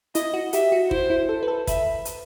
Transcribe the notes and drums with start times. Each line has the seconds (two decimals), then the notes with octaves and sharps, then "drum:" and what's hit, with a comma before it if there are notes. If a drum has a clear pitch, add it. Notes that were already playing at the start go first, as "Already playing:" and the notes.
0.15 E4 D#5, drum: hi-hat
0.34 F#4
0.53 G4 E5, drum: hi-hat
0.72 F#4
0.91 E4 C5, drum: kick
1.10 E4
1.29 A4
1.43 B4
1.48 A4
1.67 B4 E5, drum: kick, hi-hat
2.05 drum: hi-hat